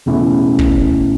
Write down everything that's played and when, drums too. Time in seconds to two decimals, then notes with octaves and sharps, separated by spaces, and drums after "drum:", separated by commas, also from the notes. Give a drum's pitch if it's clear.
0.06 E2 B2 A3 C#4 E4
0.59 drum: kick